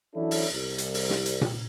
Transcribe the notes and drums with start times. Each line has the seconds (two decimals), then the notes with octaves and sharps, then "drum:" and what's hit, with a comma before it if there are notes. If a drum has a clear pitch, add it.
0.15 E3 F#3 C#4 D4 E4 A4
0.31 drum: open hi-hat
0.52 C2
0.78 drum: hi-hat
0.94 drum: open hi-hat
1.10 drum: snare
1.26 drum: hi-hat
1.41 drum: tom A#2